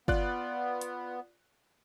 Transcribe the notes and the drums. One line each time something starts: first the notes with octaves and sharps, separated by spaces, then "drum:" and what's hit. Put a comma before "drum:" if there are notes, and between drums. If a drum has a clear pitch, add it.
B3 F4 D5 F#6, drum: kick G1
drum: hi-hat